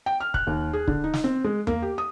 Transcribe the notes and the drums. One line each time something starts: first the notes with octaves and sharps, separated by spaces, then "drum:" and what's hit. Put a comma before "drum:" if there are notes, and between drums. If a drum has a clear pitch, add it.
G5
F6
F#6, drum: kick
D#2
G#4
D3, drum: kick
D#4
drum: snare
C4
G#3
A#3, drum: tom E2
G4
D#6